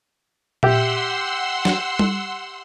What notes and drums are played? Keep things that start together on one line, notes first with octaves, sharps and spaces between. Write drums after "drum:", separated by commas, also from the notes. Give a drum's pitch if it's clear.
G4 E5 F#5 C6 E6, drum: tom A#2
drum: snare
drum: tom G3